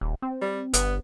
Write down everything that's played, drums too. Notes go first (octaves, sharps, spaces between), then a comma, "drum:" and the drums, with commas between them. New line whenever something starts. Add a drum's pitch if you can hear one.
D#1
C4
G3
G1 B3, drum: hi-hat